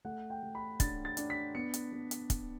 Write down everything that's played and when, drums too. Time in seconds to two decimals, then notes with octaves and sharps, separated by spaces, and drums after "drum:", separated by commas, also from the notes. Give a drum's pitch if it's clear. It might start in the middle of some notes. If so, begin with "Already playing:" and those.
0.05 A3 F#5
0.30 G5
0.43 A3
0.55 B5
0.80 D4 A6, drum: kick, hi-hat
1.05 A6
1.17 D4, drum: hi-hat
1.30 B6
1.55 B3 C#7
1.74 drum: hi-hat
1.92 B3
2.11 drum: hi-hat
2.30 drum: kick, hi-hat